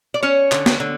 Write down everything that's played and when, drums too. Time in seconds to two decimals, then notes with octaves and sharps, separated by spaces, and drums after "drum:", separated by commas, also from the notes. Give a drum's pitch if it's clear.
0.14 D5
0.23 C#4 C#5
0.52 D3, drum: clap
0.66 drum: snare
0.80 D3